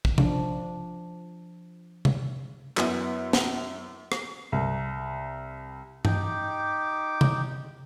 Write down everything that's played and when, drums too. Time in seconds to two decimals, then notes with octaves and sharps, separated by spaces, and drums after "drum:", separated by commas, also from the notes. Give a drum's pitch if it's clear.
0.05 drum: kick
0.18 F3 D4, drum: tom C3
2.05 drum: tom C3
2.77 F#2 B3 E4, drum: clap
3.33 drum: snare
4.12 drum: rim click
4.52 C2
6.05 D#4 G4 G5 D6, drum: tom G2
7.21 drum: tom C3